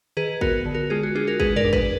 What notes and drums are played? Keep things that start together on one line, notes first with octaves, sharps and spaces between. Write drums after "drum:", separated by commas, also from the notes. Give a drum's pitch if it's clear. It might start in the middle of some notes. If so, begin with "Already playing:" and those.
D#3 G#4 B4
B3 F#4 A#4, drum: kick G#1
D3
F#4 A#4
G#3 F4 G#4
F#4
D4 F4 G#4
F#4 A#4
G#3 G#4 B4, drum: kick G#1
A#4 D5, drum: tom
D4
G#4 B4, drum: kick G#1